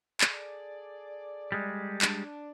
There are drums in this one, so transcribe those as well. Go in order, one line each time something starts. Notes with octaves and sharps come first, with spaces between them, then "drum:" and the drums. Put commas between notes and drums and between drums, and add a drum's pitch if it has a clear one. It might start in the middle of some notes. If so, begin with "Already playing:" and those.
G#4 A4 D5, drum: clap
G3 G#3
D4, drum: clap